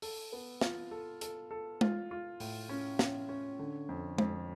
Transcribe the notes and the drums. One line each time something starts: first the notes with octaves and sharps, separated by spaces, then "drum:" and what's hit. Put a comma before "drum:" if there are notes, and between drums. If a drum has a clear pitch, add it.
A4, drum: open hi-hat
B3
F4, drum: snare
A4
A4, drum: hi-hat
A4
F4, drum: tom
F4
A2, drum: open hi-hat
C#4
C#4, drum: snare
C#4
D3
F2
F2, drum: tom